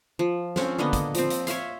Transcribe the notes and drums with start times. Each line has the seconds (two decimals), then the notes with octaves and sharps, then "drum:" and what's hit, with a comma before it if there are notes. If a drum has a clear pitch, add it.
0.19 F3
0.56 C4 C#4, drum: snare
0.78 D3 A#3 B3 D#5
0.93 drum: kick, hi-hat
1.14 F3 C4, drum: hi-hat
1.30 drum: hi-hat
1.47 C#5 E5 F5 C6, drum: hi-hat